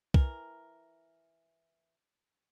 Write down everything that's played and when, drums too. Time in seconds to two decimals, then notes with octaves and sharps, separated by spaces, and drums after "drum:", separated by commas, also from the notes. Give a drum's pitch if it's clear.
0.14 E3 A#4, drum: kick